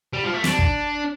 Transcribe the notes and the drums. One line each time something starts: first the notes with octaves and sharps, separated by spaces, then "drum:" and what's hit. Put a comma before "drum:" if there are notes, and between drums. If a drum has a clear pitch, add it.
G3
F3
A3
D4, drum: snare
drum: kick